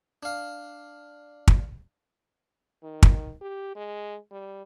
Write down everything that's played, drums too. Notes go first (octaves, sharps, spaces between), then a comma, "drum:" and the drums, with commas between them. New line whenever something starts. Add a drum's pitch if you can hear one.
D4 F5
drum: kick
D#3
drum: kick
G4
G#3
G3